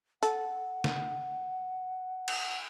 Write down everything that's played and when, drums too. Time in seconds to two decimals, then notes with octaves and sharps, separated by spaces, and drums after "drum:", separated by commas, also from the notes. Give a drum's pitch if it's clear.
0.23 A4 F#5, drum: hi-hat
0.84 drum: snare
2.28 drum: cymbal